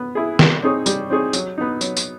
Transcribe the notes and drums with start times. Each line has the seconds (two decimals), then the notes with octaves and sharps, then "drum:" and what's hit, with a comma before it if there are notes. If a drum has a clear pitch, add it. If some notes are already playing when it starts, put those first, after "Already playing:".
Already playing: B3
0.15 E4 G#4
0.39 G3, drum: snare
0.63 C4 D#4 G#4 C#5
0.86 G3, drum: tambourine
1.10 C4 D#4 G#4 C#5
1.33 F#3, drum: tambourine
1.58 B3 D#4
1.81 F#3, drum: tambourine
1.97 drum: tambourine